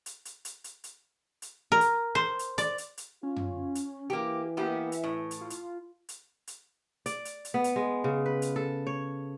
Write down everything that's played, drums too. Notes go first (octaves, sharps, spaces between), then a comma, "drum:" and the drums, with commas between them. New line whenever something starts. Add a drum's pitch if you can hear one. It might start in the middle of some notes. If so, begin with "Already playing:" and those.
drum: hi-hat
drum: hi-hat
drum: hi-hat
drum: hi-hat
drum: hi-hat
drum: hi-hat
A#4
drum: hi-hat
C5
drum: hi-hat
D5, drum: hi-hat
drum: hi-hat
drum: hi-hat
C#4 F4
drum: tom F#2
drum: hi-hat
E3 A#3 G4
A#3 B3 G4 E5
drum: hi-hat
A2
drum: hi-hat
F4
drum: hi-hat
drum: hi-hat
drum: hi-hat
D5, drum: hi-hat
drum: hi-hat
drum: hi-hat
B3
drum: hi-hat
G#3
C#3
B4
drum: hi-hat
A4
C#5